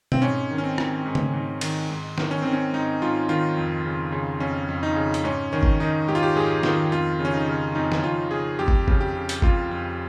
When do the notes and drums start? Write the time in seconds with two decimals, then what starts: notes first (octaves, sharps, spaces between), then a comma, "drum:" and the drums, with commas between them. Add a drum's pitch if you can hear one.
0.12 C4, drum: tom B2
0.22 G#2 C#4
0.51 D#3
0.58 C#4
0.64 C4
0.78 D#3, drum: rim click
1.05 G#2
1.15 drum: tom C#3
1.33 G#2
1.61 D#3, drum: cymbal
1.90 G#2
2.18 D#3, drum: snare
2.31 C#4
2.42 D#3 C4
2.53 C#4
2.73 G#2 D#4
3.02 G#2 F4
3.29 D#3 F4
3.57 F2
3.86 C#3
4.12 C#3
4.40 F2 C#4
4.69 F2
4.83 D#4
4.96 C#3
5.14 drum: hi-hat
5.24 G#2 C#4
5.53 D#3 C#4
5.63 drum: kick
5.80 D#3 D#4
6.08 G#2 G4
6.15 F4
6.23 G4
6.36 G#2 G#4
6.63 D#3 F4, drum: snare
6.92 F2 F4
7.20 C#3
7.25 C#4
7.33 D#4
7.48 C#3
7.75 F2 D#4
7.92 drum: snare
8.04 F2 F4
8.31 C#3 G#4
8.59 F2 G4
8.68 drum: kick
8.88 C#3, drum: kick
9.00 G4
9.16 C#3
9.29 drum: hi-hat
9.42 F2 F4, drum: kick
9.71 F2